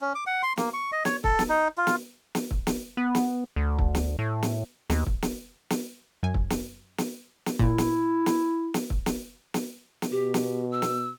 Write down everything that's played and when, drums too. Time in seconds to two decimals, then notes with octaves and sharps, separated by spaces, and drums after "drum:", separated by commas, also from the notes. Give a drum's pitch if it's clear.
0.01 C#4
0.15 D6
0.27 F#5
0.43 C6
0.57 A#3, drum: snare
0.74 C#6
0.92 D#5
1.05 C#5, drum: snare
1.24 A4, drum: kick
1.39 drum: snare
1.49 D#4
1.78 F4
1.87 drum: snare
2.35 drum: snare
2.51 drum: kick
2.67 drum: snare
2.97 B3
3.15 drum: snare
3.56 D2
3.79 drum: kick
3.95 drum: snare
4.19 A2
4.43 drum: snare
4.90 D#2, drum: snare
5.06 drum: kick
5.22 drum: snare
5.70 drum: snare
6.23 F#2 G#5
6.34 drum: kick
6.50 drum: snare
6.98 drum: snare
7.46 drum: snare
7.59 A#2 E4, drum: kick
7.78 drum: snare
8.26 drum: snare
8.74 drum: snare
8.90 drum: kick
9.06 drum: snare
9.54 drum: snare
10.02 drum: snare
10.12 B2 G4
10.34 drum: snare
10.72 E6
10.82 drum: snare